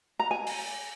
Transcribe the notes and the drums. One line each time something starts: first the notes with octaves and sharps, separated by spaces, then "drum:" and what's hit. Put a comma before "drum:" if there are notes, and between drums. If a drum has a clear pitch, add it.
A#5
G#5
drum: open hi-hat